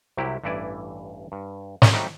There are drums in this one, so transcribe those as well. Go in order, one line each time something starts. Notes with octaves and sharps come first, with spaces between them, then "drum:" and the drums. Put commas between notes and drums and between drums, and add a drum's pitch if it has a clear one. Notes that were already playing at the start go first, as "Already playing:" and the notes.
C2 C3 F#3 E4 G4
A1 G2 E3 E4 D5 G#5
G2
drum: snare
F#3 G3 A3 C4 D#4 G4